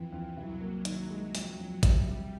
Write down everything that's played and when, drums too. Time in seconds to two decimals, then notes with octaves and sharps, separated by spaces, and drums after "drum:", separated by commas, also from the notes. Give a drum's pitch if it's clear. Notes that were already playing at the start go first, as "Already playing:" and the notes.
Already playing: F2 E3
0.13 F2
0.36 C2 F#3
0.61 A#3
0.85 D#3, drum: hi-hat
1.10 G#3
1.35 F2, drum: open hi-hat
1.59 F2
1.83 C3 G3, drum: kick A1, hi-hat
2.08 C3